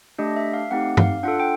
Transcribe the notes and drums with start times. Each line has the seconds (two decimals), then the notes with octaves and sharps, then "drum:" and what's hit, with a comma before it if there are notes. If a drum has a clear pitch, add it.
0.18 A3 D4 G4 D#5
0.36 E5
0.54 F5
0.71 A3 C4 D#4 G4 F#5
0.97 F5, drum: tom G2
1.23 D4 F4 A4 F#5
1.40 G5